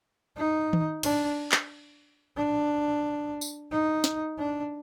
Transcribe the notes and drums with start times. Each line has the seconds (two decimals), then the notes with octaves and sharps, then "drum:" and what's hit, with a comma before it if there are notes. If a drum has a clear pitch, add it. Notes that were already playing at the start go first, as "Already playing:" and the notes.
0.37 D#4
0.73 drum: tom D#3
1.03 D4, drum: cymbal
1.52 drum: clap
2.37 D4
3.41 drum: tambourine
3.72 D#4
4.04 drum: snare
4.38 D4